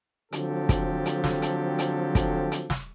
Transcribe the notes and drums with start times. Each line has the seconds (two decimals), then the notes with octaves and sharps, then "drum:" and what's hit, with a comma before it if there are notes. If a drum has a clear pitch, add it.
0.32 D3 F3 F#3 C4 G4 A4, drum: hi-hat
0.69 drum: kick, hi-hat
1.06 drum: hi-hat
1.24 drum: snare
1.42 drum: hi-hat
1.79 drum: hi-hat
2.15 drum: kick, hi-hat
2.52 drum: hi-hat
2.70 drum: snare